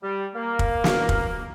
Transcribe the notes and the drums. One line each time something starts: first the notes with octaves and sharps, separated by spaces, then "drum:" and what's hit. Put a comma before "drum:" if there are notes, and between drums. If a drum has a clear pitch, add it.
G3
A#3
drum: kick
drum: snare
drum: kick